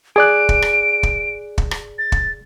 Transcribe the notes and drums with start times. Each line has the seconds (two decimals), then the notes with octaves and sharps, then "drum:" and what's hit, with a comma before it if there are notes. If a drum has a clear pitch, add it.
0.16 G#4 D5 F#6 D7
0.49 drum: kick
0.62 drum: rim click
1.03 drum: kick
1.58 drum: kick
1.71 drum: rim click
1.99 A6
2.12 drum: kick